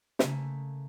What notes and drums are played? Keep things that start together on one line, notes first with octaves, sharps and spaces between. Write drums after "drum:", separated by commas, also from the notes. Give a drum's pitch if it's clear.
C#3 A3 A#3, drum: snare